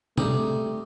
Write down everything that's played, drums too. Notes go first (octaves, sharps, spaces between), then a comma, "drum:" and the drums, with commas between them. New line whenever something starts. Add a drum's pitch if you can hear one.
C#3 G3 A3 C4 D#4, drum: tom